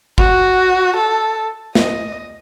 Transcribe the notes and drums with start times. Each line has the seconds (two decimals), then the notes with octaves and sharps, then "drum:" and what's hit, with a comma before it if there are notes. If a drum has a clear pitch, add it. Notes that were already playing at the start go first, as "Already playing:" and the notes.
0.18 F#4, drum: kick
0.97 A4
1.75 D#5, drum: snare